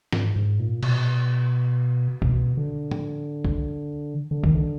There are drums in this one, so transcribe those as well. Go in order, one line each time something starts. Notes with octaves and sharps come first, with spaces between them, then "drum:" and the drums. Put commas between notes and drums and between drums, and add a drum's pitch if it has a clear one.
G#2, drum: snare
G#2
A#2
B2, drum: cymbal
B2, drum: kick C2
D3
drum: tom A2
drum: kick C2
D3
D#3, drum: kick C2
D3